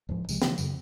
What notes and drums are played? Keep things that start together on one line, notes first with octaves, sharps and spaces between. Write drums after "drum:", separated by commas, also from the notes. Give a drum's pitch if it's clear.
D1 G#2 F3
C2 C3 F3 G#3, drum: tambourine
C#3 E3 F3 A#3, drum: snare
F#2 C#3 F#3, drum: tambourine